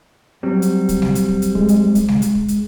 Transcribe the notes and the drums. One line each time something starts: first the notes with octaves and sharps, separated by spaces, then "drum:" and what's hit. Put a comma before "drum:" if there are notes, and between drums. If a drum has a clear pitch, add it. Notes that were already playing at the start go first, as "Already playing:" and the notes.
F#3 G3 C4
drum: hi-hat
drum: kick, hi-hat
drum: snare G3
drum: hi-hat
drum: kick
drum: hi-hat
G#3, drum: kick
drum: hi-hat
drum: kick, hi-hat
drum: snare G3
drum: hi-hat
drum: kick
drum: hi-hat